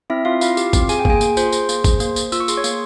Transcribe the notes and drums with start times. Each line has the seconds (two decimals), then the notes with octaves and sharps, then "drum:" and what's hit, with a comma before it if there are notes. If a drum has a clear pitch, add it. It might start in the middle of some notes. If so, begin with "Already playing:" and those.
0.10 C4 E4 E5
0.25 C4 F4 F5
0.41 E4 F4 F5, drum: tambourine
0.57 G4, drum: tambourine
0.73 C4, drum: kick, tambourine
0.89 G#4 G#5, drum: tambourine
0.99 G5
1.05 A#3 G#4 G#5, drum: kick
1.21 A#3, drum: tambourine
1.37 F4 C5 C6, drum: tambourine
1.52 G#4, drum: tambourine
1.69 A#3, drum: tambourine
1.84 G#4, drum: kick, tambourine
2.00 A#3, drum: tambourine
2.16 A#3, drum: tambourine
2.32 F4 E6, drum: tambourine
2.40 C#6
2.48 G#4 C6, drum: tambourine
2.57 C#5 C#6
2.64 A#3, drum: tambourine